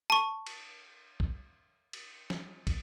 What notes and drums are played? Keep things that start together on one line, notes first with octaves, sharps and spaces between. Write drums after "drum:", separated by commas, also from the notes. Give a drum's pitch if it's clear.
A5 C#6
drum: cymbal
drum: kick
drum: cymbal
drum: snare
drum: kick, cymbal